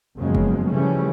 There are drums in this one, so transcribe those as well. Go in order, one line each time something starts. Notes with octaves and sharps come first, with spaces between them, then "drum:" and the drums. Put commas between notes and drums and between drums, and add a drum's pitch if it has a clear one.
F#1 E2 C#3 F3 F#3 G#3
drum: kick F1
C#3 E3 F3 G3 A3 C#4